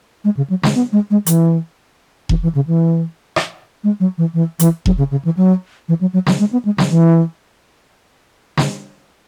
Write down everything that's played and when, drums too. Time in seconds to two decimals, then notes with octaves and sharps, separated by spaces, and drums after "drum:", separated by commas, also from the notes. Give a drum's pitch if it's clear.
0.24 G#3
0.37 C#3
0.50 F#3
0.63 G#3, drum: snare
0.75 B3
0.92 G#3
1.11 G#3
1.26 E3, drum: hi-hat
2.29 E3, drum: kick E1
2.43 E3
2.55 C#3
2.67 E3
3.36 drum: rim click
3.84 G#3
4.00 F#3
4.18 E3
4.34 E3
4.59 E3, drum: hi-hat
4.86 F#3, drum: kick E1
4.98 C#3
5.11 C#3
5.25 E3
5.37 F#3
5.89 E3
6.01 F#3
6.13 F#3
6.26 F#3, drum: snare
6.40 G#3
6.52 B3
6.65 G#3
6.78 F#3, drum: snare
6.90 E3
8.57 drum: snare